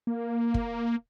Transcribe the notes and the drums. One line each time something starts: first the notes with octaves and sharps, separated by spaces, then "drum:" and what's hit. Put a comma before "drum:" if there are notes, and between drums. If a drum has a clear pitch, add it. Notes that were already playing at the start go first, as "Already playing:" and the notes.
A#3
drum: kick